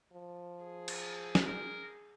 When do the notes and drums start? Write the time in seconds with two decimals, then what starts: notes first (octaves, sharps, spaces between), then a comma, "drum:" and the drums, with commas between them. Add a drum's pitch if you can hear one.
0.12 F3
0.64 G#4
0.88 drum: cymbal
1.35 drum: snare
1.47 A#4